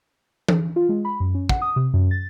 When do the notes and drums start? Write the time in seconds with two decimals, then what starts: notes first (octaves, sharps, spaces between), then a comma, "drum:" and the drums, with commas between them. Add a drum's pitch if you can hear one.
0.49 drum: tom E3
0.76 F4
0.89 G#3
1.05 B5
1.20 F#2
1.34 C#4
1.49 F#5, drum: kick
1.62 D#6
1.76 C3
1.94 F#2
2.11 A6